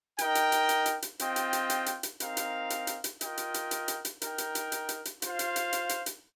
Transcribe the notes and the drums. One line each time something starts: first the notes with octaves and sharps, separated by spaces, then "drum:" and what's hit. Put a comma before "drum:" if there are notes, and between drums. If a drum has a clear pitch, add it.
D#4 A#4 D#5 G5, drum: hi-hat
drum: hi-hat
drum: hi-hat
drum: hi-hat
drum: hi-hat
drum: hi-hat
C4 F4 D#5 G5, drum: hi-hat
drum: hi-hat
drum: hi-hat
drum: hi-hat
drum: hi-hat
drum: hi-hat
C4 D#4 A#4 F5, drum: hi-hat
drum: hi-hat
drum: hi-hat
drum: hi-hat
drum: hi-hat
F4 A#4 D#5 G5, drum: hi-hat
drum: hi-hat
drum: hi-hat
drum: hi-hat
drum: hi-hat
drum: hi-hat
D#4 A#4 G5, drum: hi-hat
drum: hi-hat
drum: hi-hat
drum: hi-hat
drum: hi-hat
drum: hi-hat
F4 C5 F5, drum: hi-hat
drum: hi-hat
drum: hi-hat
drum: hi-hat
drum: hi-hat
drum: hi-hat